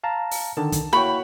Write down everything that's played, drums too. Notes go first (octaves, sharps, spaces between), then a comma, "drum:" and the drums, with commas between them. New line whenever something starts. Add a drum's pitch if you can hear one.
F5 A5 A#5
drum: open hi-hat
D3 D#3 A5
drum: kick, hi-hat
A#3 E4 F#4 C#5 G5 B5 C#6